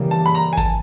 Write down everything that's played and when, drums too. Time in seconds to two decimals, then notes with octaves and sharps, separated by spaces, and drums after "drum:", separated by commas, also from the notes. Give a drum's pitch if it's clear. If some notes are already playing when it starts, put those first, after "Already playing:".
Already playing: C#3 E3 G3 A#3
0.11 A5
0.26 B5
0.35 A#5
0.53 G#5
0.57 A5, drum: kick G#1, hi-hat